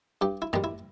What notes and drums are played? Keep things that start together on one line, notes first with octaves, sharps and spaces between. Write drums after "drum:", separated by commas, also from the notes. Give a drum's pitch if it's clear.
G2 G4
E4
D#3 G3, drum: tom
E4